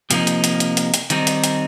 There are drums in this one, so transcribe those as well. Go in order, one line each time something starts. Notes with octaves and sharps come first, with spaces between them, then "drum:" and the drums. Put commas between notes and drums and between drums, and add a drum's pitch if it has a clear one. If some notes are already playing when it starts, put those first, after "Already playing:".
C3 F3 A#3 D#4, drum: hi-hat
drum: hi-hat
drum: hi-hat
drum: hi-hat
drum: hi-hat
drum: hi-hat
D#3 G3 C4 D#4, drum: hi-hat
drum: hi-hat
drum: hi-hat